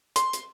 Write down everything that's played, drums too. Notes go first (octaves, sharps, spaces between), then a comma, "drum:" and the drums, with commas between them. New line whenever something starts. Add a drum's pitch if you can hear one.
C6, drum: hi-hat
drum: hi-hat